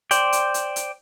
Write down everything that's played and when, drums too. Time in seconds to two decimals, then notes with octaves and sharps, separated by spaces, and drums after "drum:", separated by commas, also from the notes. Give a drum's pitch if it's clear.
0.11 C5 D5 G5, drum: hi-hat
0.33 drum: hi-hat
0.54 drum: hi-hat
0.76 drum: hi-hat